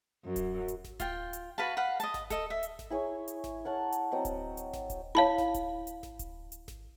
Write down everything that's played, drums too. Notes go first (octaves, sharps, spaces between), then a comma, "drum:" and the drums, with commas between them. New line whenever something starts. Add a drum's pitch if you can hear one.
F#2
drum: kick D1, hi-hat
drum: hi-hat
drum: snare G#1
F4 G5, drum: kick D1, hi-hat
drum: hi-hat
F#4 B4 F5 A5
B4 F5 F#5
D#5 A5, drum: hi-hat
drum: snare G#1
A4 D#5, drum: kick D1, hi-hat
E5
drum: hi-hat
drum: snare G#1
E4 G#4 C#5 G#5
drum: hi-hat
drum: snare G#1
A#4 C#5 F#5 A5
drum: hi-hat
F#3 C4 D#5
drum: kick D1, hi-hat
drum: hi-hat
drum: snare G#1
drum: kick D1, hi-hat
E4 C#5 F5 A5 B5
drum: snare G#1
drum: kick D1, hi-hat
drum: hi-hat
drum: snare G#1
drum: kick D1, hi-hat
drum: hi-hat
drum: snare G#1